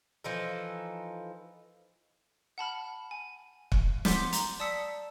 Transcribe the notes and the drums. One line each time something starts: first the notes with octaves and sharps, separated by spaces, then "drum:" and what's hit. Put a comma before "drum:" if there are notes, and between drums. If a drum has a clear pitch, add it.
E3 F3 D#4 A4
F#5 A5 B5 F6
G#5
drum: kick
F#5 C6 D6 G6 A6 B6, drum: snare
A#5, drum: hi-hat
D5 A5 D#6 E6 B6 C#7